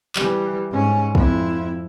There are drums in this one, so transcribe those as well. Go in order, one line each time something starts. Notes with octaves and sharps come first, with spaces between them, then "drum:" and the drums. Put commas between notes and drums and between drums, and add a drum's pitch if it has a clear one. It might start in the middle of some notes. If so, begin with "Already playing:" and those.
E3 G3, drum: clap
G#2 C#4
F2 E4, drum: kick